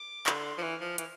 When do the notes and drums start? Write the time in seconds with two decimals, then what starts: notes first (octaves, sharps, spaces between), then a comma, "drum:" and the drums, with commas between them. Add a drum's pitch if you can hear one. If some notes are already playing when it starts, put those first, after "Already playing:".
Already playing: D6
0.26 D3 C6, drum: clap
0.58 F3
0.62 E3 F6
0.81 F3
0.98 E3, drum: hi-hat